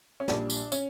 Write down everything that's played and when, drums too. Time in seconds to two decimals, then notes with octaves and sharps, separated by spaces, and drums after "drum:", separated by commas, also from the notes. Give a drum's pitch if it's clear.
0.20 C#4
0.28 A#1 A#2 G3 D4, drum: snare
0.50 drum: tambourine
0.72 C#4, drum: tambourine